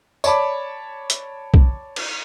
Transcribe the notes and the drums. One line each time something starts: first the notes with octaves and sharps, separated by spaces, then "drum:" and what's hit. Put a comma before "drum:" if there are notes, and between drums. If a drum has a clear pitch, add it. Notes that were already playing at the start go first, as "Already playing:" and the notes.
C#5 D5 A5 B5 D6, drum: tambourine
drum: hi-hat
drum: kick B1
drum: cymbal